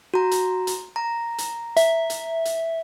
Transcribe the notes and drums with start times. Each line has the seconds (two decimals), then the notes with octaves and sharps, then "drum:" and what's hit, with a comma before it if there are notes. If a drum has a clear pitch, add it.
0.14 F#4 A#5
0.31 drum: hi-hat
0.67 drum: hi-hat
0.96 A#5
1.38 drum: hi-hat
1.77 E5, drum: hi-hat
2.10 drum: hi-hat
2.45 drum: hi-hat